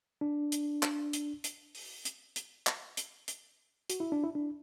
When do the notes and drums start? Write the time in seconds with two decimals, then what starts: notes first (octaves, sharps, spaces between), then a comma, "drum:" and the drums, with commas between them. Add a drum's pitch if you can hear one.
0.21 D4
0.52 drum: hi-hat
0.83 drum: clap
1.13 drum: hi-hat
1.44 drum: hi-hat
1.75 drum: open hi-hat
2.05 drum: hi-hat
2.36 drum: hi-hat
2.67 drum: clap
2.97 drum: hi-hat
3.28 drum: hi-hat
3.90 F#4, drum: hi-hat
4.00 E4
4.12 D4
4.23 E4
4.35 D4